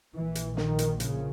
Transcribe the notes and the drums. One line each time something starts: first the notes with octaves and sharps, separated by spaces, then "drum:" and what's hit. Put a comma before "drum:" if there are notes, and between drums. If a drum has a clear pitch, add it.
A#1 A#2 E3
drum: hi-hat
D#3, drum: snare
drum: hi-hat
C#3, drum: hi-hat